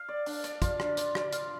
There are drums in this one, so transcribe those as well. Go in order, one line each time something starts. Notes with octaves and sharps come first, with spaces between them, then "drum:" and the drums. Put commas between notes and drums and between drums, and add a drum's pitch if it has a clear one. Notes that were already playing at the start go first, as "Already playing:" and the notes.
Already playing: F5
D5
D4, drum: open hi-hat
D5, drum: hi-hat
F4, drum: kick, hi-hat
D4, drum: rim click
D5, drum: hi-hat
D5, drum: rim click
F5, drum: hi-hat